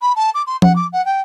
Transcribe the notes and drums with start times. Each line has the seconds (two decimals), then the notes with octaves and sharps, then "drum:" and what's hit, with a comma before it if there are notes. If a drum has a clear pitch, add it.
0.02 B5
0.16 A5
0.34 D6
0.47 C6
0.62 F#5, drum: tom F3
0.76 D6
0.93 F#5
1.05 G5